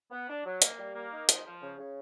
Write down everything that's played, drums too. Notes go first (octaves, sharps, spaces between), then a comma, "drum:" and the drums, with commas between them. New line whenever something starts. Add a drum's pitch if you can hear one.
B3
D4
F#3
A#3, drum: hi-hat
G3
A#3
D#4
F3, drum: hi-hat
F3
C#3
C#3